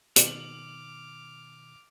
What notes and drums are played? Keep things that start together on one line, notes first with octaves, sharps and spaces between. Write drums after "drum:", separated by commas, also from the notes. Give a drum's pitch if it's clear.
B2 D#3 D6 F6 F#7, drum: hi-hat